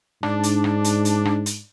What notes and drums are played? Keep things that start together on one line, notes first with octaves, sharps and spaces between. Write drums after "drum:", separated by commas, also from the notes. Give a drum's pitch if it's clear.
G#2 D4, drum: rim click
drum: hi-hat
drum: rim click
drum: hi-hat
drum: hi-hat
drum: rim click
drum: hi-hat